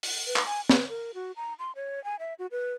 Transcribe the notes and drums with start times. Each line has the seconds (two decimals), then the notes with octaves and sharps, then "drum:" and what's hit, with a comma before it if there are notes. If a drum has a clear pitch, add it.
0.03 drum: open hi-hat
0.27 B4
0.36 drum: clap
0.46 G#5
0.69 B4, drum: snare
0.89 A#4
1.14 F#4
1.36 A#5
1.59 C6
1.76 C#5
2.04 G#5
2.19 E5
2.39 F#4
2.51 B4